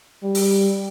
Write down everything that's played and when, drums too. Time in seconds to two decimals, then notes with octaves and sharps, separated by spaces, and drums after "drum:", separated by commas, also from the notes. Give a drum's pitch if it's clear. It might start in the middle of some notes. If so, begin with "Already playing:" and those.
0.23 G3
0.35 drum: open hi-hat